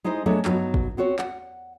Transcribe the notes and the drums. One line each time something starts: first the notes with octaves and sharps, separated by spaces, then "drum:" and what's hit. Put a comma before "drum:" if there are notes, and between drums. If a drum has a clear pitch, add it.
G#3 D#4 E4 C5 D#5
F#3 G#3 A3 B3 D4 E5
G2 F#3 A#3 B3 D#4, drum: clap
drum: kick G#1
B3 C4 F#4 C#5
F#5, drum: clap